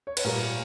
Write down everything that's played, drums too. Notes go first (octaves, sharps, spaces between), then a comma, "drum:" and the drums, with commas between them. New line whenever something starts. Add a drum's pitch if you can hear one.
C#5
B4, drum: cymbal
A#2 G3 A#4